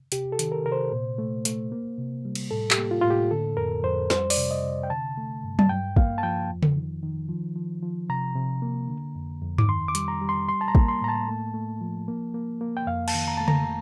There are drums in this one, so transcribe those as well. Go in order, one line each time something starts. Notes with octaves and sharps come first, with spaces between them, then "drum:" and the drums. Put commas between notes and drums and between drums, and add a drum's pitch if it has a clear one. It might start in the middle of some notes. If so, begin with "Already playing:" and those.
C3 G4, drum: hi-hat
A4
D#3, drum: hi-hat
A#4
C3 A#4
C5
A#2
A3
A3, drum: hi-hat
A#3
C3
G3
drum: cymbal
A2 A4
G4, drum: clap
A#3
F4
A2 F4
G4
D3 A4
F2 A#4
F2 C5
G3 C5, drum: snare
D5, drum: open hi-hat
C3
D#5
C3
G5
D3 A5
A3
G2
A5, drum: tom F#3
G2 G5
A#3 F5, drum: kick
A5
F3 G5
F2
drum: tom C#3
D#3
D#3
F3
F3
F3
C3 A#5
C3
A#3
D3
F2
F2
D6, drum: tom G2
D#3 C6
D6
G3, drum: hi-hat
A#5
G3
C6
G3 C6
A5
A#5
A#3, drum: kick
C6
A2 A#5
A5
A3
A3
F3
A#3
A#3
A#3
G5
F2 F5
A5, drum: cymbal
D#3
A#5
A3 A5
A#5, drum: tom C#3